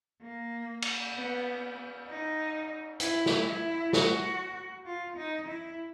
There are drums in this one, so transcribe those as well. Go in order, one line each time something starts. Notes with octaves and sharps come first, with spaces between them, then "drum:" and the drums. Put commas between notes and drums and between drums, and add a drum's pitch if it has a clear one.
A#3
drum: cymbal
B3
D#4
E4, drum: hi-hat
drum: snare
E4
F#4, drum: snare
F4
D#4
E4